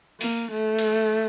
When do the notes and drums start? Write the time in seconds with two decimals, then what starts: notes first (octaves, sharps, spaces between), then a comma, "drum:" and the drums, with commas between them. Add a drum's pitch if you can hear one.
0.21 A#3, drum: open hi-hat
0.51 A3
0.79 drum: cymbal